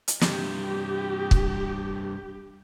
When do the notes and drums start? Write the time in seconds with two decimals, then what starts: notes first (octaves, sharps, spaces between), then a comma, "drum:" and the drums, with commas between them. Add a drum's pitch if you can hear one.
0.08 drum: hi-hat
0.21 G2 C3 G4, drum: snare
1.31 drum: kick